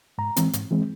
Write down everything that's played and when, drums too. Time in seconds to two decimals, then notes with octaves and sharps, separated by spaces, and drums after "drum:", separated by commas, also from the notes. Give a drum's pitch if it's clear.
0.18 G#2 A#5
0.37 E3 G#3 C4, drum: hi-hat
0.53 G#2, drum: hi-hat
0.71 E3 G#3 C4